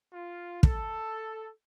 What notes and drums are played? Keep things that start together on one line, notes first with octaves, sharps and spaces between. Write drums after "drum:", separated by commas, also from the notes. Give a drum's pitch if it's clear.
F4
A4, drum: kick